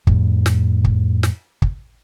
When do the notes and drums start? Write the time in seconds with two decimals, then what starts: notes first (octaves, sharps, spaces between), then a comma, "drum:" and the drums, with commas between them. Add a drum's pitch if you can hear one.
0.07 F2 A2, drum: kick
0.46 drum: snare
0.84 drum: kick
1.23 drum: snare
1.62 drum: kick